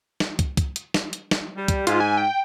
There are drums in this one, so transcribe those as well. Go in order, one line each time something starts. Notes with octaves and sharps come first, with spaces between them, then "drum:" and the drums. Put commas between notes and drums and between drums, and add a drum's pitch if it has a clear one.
drum: snare
drum: kick, hi-hat
drum: kick, hi-hat
drum: hi-hat
drum: snare
drum: hi-hat
drum: snare
G3
drum: kick, hi-hat
G#2 F4, drum: hi-hat
G#5
G5